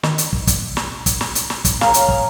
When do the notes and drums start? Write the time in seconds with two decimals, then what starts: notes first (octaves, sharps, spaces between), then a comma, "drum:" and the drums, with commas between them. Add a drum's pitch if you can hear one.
0.03 D#3, drum: snare
0.18 drum: hi-hat
0.33 drum: kick
0.47 drum: kick, hi-hat
0.77 drum: snare
1.06 drum: kick, hi-hat
1.21 drum: snare
1.35 drum: hi-hat
1.50 drum: snare
1.65 drum: kick, hi-hat
1.81 G#4 A#4 C#5 F5 A#5, drum: snare
1.94 drum: hi-hat
2.09 drum: kick